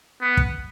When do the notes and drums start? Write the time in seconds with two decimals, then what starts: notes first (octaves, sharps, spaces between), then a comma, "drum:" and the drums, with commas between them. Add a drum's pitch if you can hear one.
0.22 B3
0.37 drum: kick